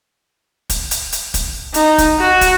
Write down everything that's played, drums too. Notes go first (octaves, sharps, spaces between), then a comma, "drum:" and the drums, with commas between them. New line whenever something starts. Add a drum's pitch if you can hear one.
drum: kick, hi-hat
drum: hi-hat
drum: hi-hat
drum: kick, hi-hat
D#4, drum: hi-hat
drum: kick, hi-hat
F#4
drum: kick, hi-hat